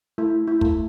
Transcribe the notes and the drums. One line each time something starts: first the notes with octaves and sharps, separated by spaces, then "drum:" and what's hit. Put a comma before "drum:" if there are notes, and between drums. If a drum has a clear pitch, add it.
A3 E4
E4
A3, drum: kick